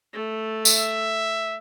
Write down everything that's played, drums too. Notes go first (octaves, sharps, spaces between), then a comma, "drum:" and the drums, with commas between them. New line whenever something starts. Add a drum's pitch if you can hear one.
A3
E5, drum: tambourine